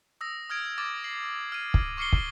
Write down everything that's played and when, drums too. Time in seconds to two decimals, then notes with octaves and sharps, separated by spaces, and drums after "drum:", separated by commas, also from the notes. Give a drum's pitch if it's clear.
0.21 D#6 E6 A#6
0.50 D#6 F6 G#6 D7
0.78 D6 A6
1.04 C7 F#7
1.52 F6 D#7
1.74 drum: kick
1.97 C#6 D6 F6 C7 C#7 G7
2.13 drum: kick